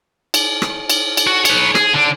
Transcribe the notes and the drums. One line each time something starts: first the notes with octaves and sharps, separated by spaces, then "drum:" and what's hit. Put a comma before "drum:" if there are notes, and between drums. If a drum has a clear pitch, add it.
drum: cymbal
drum: rim click
drum: cymbal
drum: cymbal
F#4
B4 C#5, drum: cymbal
G#4, drum: rim click
D3 D4